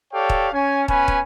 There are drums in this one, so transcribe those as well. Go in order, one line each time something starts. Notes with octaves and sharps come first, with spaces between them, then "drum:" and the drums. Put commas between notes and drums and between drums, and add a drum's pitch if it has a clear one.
G4 A4 C#5 D5 F5 G5
drum: kick
C#4 G#5
B3 C#4 B4 G#5, drum: kick
drum: kick